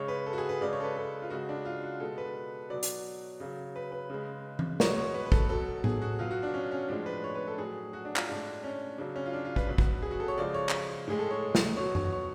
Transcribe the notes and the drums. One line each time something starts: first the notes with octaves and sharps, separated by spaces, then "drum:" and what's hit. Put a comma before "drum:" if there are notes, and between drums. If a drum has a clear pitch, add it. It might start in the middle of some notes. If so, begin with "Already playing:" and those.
Already playing: C#3 G#3 C#5
B4
A4
F#4
G#4
B4
C#3 G#3 D5
C#5
A4
B4
A4
F4
C#3 G#3 F#4
D4
F4
F#4
B2 G#3 A4
B4
B2 F#3 D5
drum: hi-hat
C#3 F#3
B4
B4
C#3 G#3
drum: tom E3
B2 G#3 C#5, drum: snare
C#5
B4
B4
A4, drum: kick
B2 F#3 A4
G#4, drum: tom A2
F#4
B2 F#3 F4
F#4
D4
C#4
C#4
A2 F3 G#3 D4
B4
C#5
B4
A4
A2 F#3 G#4
F#4
D4
F4, drum: clap
A2 G#3 D4
C#4
C#3 F#3 D4
C#4
F4
D4
F4
B4, drum: kick
B2 F#3 B4
drum: kick
G#4
F#4
A4
C#5
C#3 F3 G#3 D5
C#5
drum: clap
A2 G#3 G#4
A4
C#5
drum: snare
B2 F#3 C#5
C#5, drum: tom F#2
C#5